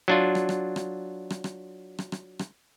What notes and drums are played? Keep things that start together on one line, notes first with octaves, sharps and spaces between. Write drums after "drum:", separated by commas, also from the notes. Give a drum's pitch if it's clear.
F#3 D4 F4
drum: rim click
drum: rim click
drum: rim click
drum: rim click
drum: rim click
drum: rim click
drum: rim click
drum: rim click